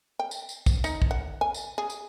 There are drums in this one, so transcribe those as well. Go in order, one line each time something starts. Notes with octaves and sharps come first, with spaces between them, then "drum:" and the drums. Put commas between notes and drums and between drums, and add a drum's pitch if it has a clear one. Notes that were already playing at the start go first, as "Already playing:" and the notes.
G5
drum: tambourine
drum: tambourine
drum: kick, tambourine
D#4, drum: tambourine
drum: kick
F#5
G#5
drum: tambourine
G#4
drum: tambourine